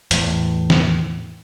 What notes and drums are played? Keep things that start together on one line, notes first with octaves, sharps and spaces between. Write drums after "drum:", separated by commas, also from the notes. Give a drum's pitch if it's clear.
E2 A2, drum: hi-hat
drum: snare